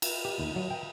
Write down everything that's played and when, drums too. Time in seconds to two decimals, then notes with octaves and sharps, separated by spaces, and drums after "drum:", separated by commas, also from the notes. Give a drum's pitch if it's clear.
0.02 drum: cymbal
0.25 G4
0.39 D#2
0.56 F#3
0.70 G5